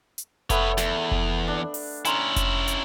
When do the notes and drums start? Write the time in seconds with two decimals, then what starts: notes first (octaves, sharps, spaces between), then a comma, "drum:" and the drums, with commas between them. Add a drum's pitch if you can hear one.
0.18 drum: hi-hat
0.50 A3 B3 B4 C#5, drum: kick F1, hi-hat
0.77 E2, drum: snare
1.11 drum: kick F1
1.48 D4
1.74 drum: open hi-hat
2.05 C#4 E4 G#5 A#5 C6, drum: hi-hat
2.36 drum: kick F1, hi-hat
2.68 drum: hi-hat